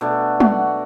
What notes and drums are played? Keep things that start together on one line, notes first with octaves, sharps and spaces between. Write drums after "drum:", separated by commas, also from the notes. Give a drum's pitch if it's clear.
B2 A3 D4
F#4, drum: tom